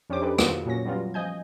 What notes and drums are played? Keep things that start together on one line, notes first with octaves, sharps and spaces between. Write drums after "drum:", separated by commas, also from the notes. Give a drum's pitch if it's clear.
F2 C#4 D4 G4 C5 D6
D#4 G4 A4 B4
D#2 F4 F#4 B4 C#7, drum: rim click
A#2 F#3 C#4 A#6
F#3 G3 B3 C#4 F4
F3 D#5 G#5 G6